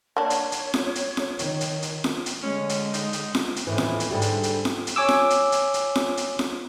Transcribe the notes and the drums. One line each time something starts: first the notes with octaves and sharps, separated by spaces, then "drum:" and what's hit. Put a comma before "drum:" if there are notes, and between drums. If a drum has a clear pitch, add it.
A#3 D4 C#5
drum: hi-hat
drum: hi-hat
drum: snare F4
drum: hi-hat
drum: snare F4
D#3, drum: hi-hat
drum: hi-hat
drum: hi-hat
drum: snare F4
drum: hi-hat
D3 G#3 C#4
drum: hi-hat
D#4, drum: hi-hat
drum: hi-hat
drum: snare F4
drum: hi-hat
D#2 A2 E3
drum: snare F4
drum: hi-hat
G#2 D3 G3
drum: hi-hat
drum: hi-hat
drum: snare F4
drum: hi-hat
C#5 G#5 D6 E6
drum: snare F4
drum: hi-hat
drum: hi-hat
drum: hi-hat
drum: snare F4
drum: hi-hat
drum: snare F4